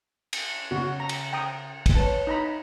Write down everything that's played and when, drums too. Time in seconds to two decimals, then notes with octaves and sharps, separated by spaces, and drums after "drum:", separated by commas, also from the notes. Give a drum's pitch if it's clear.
0.33 drum: cymbal
0.71 C#3 F#4
1.00 A#5
1.09 drum: cymbal
1.33 G5 A#5 D#6
1.86 drum: kick, cymbal
1.95 B4 C#5 A5
2.27 D#4 A#5 B5